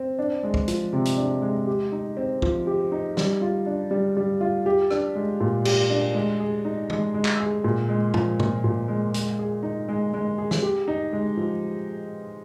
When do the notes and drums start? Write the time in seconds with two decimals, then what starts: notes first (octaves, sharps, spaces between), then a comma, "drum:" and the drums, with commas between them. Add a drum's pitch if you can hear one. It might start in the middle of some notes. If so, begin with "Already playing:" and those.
Already playing: C4
0.19 D4
0.43 G#3
0.54 drum: kick
0.68 F3, drum: hi-hat
0.93 C3
1.05 drum: hi-hat
1.17 D4
1.42 G#3
1.67 G4
1.92 D#4
2.17 C4
2.42 F3, drum: kick
2.67 G4
2.92 D#4
3.17 G3, drum: snare
3.42 F4
3.66 D4
3.91 G3
4.17 G3
4.41 F4
4.66 G4
4.91 D4, drum: rim click
5.15 G#3
5.40 A#2
5.65 G4, drum: cymbal
5.90 D4
6.14 G#3
6.40 G#4
6.65 D#4
6.90 G#3, drum: tom
7.14 G#3
7.25 drum: clap
7.40 G#4
7.64 A#2
7.89 G#3
8.14 F3, drum: tom
8.40 A#2, drum: tom
8.64 A#2
8.88 G#3
9.14 G#3, drum: hi-hat
9.39 G#4
9.63 D#4
9.89 G#3
10.14 G#3
10.38 G#4
10.51 drum: snare
10.63 G4
10.88 D#4
11.13 G#3
11.37 F3